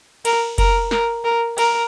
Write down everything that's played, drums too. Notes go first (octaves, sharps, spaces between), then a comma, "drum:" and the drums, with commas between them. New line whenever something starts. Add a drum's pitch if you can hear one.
A#4, drum: cymbal
A#4, drum: kick F1, cymbal
A#4, drum: snare
A#4
A#4, drum: cymbal